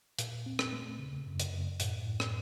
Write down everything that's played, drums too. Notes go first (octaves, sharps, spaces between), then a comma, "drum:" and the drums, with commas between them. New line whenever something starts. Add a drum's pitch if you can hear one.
A#2, drum: hi-hat
C4
drum: rim click
A3
C#3
F#2
drum: hi-hat
F#2
A2, drum: hi-hat
A2
drum: rim click